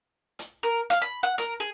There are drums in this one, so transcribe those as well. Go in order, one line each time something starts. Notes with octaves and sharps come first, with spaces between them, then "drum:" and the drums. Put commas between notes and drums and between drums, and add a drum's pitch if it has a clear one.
drum: hi-hat
A#4
F5, drum: hi-hat
B5
F#5
A#4, drum: hi-hat
G#4